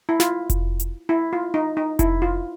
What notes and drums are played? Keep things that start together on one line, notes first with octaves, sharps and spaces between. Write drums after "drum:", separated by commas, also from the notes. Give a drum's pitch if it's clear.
E4
F4, drum: snare
drum: kick F1, hi-hat
drum: hi-hat
E4
F4
D#4
D#4
E4, drum: kick F1, hi-hat
F4